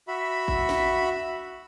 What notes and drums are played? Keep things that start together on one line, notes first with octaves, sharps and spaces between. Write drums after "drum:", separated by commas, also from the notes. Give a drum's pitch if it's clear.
F#4 E5 B5
drum: kick A1
drum: snare